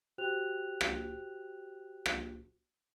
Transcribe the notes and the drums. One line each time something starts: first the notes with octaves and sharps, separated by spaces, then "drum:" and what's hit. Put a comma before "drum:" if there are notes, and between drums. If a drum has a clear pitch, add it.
F#4 G4 C5 G5 F#6 F7
drum: rim click
drum: rim click